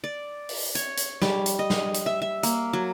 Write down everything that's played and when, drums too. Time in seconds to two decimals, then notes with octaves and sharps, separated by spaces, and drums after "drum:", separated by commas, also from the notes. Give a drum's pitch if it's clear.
0.04 D5
0.49 drum: open hi-hat
0.75 C#5, drum: hi-hat
0.97 drum: hi-hat
1.22 G3, drum: snare
1.46 drum: hi-hat
1.59 D#5
1.70 drum: snare
1.94 drum: hi-hat
2.06 E5
2.22 E5
2.43 A#3, drum: hi-hat
2.73 F#3